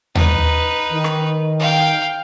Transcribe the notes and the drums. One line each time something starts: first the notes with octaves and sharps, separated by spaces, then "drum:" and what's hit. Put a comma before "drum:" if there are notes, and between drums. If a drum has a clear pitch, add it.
D#4 B4, drum: tom D#2
D#3
drum: rim click
F5 G5